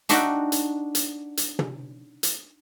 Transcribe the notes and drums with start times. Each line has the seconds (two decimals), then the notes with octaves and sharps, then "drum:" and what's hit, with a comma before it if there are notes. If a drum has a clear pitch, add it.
0.09 D4 D#4 F#4 E5 F#5 G5, drum: hi-hat
0.52 drum: hi-hat
0.95 drum: hi-hat
1.37 drum: hi-hat
1.59 drum: tom
2.23 drum: hi-hat